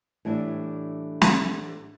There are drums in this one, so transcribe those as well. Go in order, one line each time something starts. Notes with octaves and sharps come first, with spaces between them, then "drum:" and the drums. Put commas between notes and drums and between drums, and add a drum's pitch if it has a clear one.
A2 E3 G3 D4 E5
drum: snare